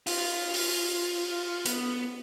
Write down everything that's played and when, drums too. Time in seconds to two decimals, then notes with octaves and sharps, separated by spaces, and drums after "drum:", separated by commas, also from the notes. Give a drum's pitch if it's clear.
0.07 F4, drum: open hi-hat
0.54 drum: open hi-hat
1.66 B3, drum: hi-hat